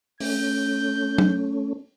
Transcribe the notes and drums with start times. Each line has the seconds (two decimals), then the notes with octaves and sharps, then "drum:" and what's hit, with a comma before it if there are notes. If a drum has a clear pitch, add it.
0.20 A3 C#4 G6, drum: open hi-hat
1.18 drum: tom F#3